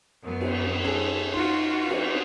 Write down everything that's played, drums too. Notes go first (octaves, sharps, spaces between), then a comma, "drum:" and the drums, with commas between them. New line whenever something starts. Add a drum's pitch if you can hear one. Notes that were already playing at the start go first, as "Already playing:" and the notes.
F#2 B3
drum: cymbal
C#4 D#4 G#4 A4 C5
D#4 F4 F#4 C6
F2 D4 D#4, drum: cymbal